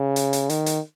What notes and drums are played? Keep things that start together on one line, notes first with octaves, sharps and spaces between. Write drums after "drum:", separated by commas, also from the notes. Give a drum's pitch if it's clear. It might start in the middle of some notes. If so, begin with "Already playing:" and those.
Already playing: C#3
drum: hi-hat
drum: hi-hat
D#3, drum: hi-hat
drum: hi-hat